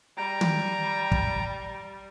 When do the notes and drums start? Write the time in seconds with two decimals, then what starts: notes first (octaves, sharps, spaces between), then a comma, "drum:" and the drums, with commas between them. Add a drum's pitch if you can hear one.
0.17 G3 G5 A#5
0.41 drum: tom
1.12 drum: kick